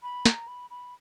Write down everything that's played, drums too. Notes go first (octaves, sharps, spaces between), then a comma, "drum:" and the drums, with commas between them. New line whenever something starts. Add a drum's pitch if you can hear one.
B5
A#5, drum: snare
B5
B5